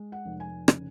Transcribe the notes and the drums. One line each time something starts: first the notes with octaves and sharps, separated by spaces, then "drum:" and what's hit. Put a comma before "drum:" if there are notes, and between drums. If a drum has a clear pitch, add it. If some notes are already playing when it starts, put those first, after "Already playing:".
Already playing: G#3
F#5
F1
G#5
C#3, drum: rim click